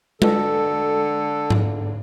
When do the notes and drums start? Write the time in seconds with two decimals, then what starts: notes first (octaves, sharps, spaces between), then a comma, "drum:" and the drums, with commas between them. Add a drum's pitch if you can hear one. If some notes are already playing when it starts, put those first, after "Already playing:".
0.22 D3 A4, drum: tom G#3
1.50 drum: tom G#2